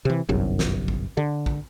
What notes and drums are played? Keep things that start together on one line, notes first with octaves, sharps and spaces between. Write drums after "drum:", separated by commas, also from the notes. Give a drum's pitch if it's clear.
C3 E3
G1 C2 F#2
drum: snare
drum: kick
D3
drum: kick